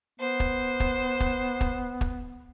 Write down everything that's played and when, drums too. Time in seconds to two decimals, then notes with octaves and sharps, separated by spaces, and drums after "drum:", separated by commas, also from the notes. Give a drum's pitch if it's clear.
0.20 B3 C5
0.40 drum: kick
0.80 drum: kick
1.20 drum: kick
1.61 drum: kick
2.01 drum: kick